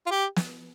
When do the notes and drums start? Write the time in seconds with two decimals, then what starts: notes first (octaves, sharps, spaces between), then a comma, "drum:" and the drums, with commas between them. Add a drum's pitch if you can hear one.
0.07 F4
0.11 G4
0.36 drum: snare